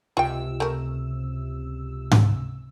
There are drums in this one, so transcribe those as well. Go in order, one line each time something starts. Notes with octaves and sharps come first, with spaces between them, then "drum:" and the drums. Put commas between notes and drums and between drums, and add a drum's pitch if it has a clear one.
C#2 C3 F4 G5 E6
A3 A#4
drum: tom G#2